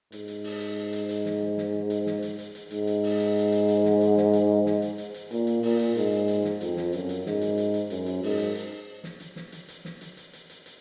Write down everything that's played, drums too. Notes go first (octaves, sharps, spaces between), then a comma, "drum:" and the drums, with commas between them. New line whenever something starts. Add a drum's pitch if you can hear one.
G#2, drum: hi-hat
drum: hi-hat
drum: open hi-hat
drum: hi-hat
drum: hi-hat
drum: hi-hat
drum: snare
drum: snare
drum: hi-hat
drum: snare
drum: hi-hat
drum: hi-hat
drum: hi-hat
G#2, drum: hi-hat
drum: hi-hat
drum: open hi-hat
drum: hi-hat
drum: hi-hat
drum: hi-hat
drum: hi-hat
drum: snare
drum: hi-hat
drum: snare
drum: hi-hat
drum: snare
drum: hi-hat
drum: hi-hat
drum: hi-hat
A#2, drum: hi-hat
drum: hi-hat
A#2, drum: open hi-hat
drum: hi-hat
G#2, drum: hi-hat
drum: hi-hat
drum: hi-hat
drum: snare
F2, drum: hi-hat
drum: snare
F#2, drum: hi-hat
drum: hi-hat
G#2, drum: snare
drum: hi-hat
drum: hi-hat
drum: hi-hat
F#2, drum: hi-hat
drum: hi-hat
G#2, drum: open hi-hat
drum: hi-hat
drum: hi-hat
drum: snare
drum: hi-hat
drum: snare
drum: hi-hat
drum: hi-hat
drum: snare
drum: hi-hat
drum: hi-hat
drum: hi-hat
drum: hi-hat
drum: hi-hat